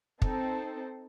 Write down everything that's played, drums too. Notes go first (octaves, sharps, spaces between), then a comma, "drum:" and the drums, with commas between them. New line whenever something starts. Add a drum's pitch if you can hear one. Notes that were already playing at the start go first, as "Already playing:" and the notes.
C4 D#4 A4 C5, drum: kick